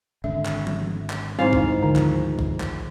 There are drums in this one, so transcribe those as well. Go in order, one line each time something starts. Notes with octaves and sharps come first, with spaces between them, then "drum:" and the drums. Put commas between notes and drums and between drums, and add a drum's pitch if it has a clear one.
G#1 D3 E5
drum: clap
drum: tom F3
drum: clap
G#2 C4 E4 C5 F5
drum: kick
D2 D3 D#3 F3
drum: clap
drum: kick
drum: clap